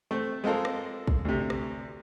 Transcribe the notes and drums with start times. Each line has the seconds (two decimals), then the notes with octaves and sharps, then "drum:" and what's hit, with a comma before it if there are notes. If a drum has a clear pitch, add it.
0.11 A3 C4
0.44 G#3 C4 F4 A4 A#4
0.65 drum: rim click
1.08 drum: kick
1.25 D2 C3
1.50 drum: rim click